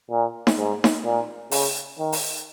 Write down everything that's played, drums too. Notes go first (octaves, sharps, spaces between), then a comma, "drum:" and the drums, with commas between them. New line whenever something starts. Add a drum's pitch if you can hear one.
A#2
drum: snare D#4
G#2
drum: snare D#4
A#2
C#3, drum: open hi-hat
D#3
drum: open hi-hat